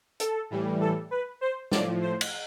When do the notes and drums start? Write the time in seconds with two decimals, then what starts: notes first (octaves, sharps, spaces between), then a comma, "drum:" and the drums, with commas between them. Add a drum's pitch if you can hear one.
0.20 A4, drum: hi-hat
0.50 A2 E3 G3
0.81 A4
1.11 B4
1.41 C5
1.72 A2 F3 D5, drum: snare
2.02 C5
2.21 drum: cymbal